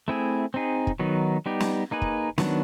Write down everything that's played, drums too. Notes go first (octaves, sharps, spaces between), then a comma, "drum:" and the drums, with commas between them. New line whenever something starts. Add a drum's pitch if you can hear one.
A3 C4 E4 G#4
C4 D#4 G#4
drum: kick
D#3 F#3 B3 D#4
G3 B3 D#4 G4
drum: snare
A#3 D#4 G#4 B4
drum: kick
D#3 F#3 B3 D4, drum: snare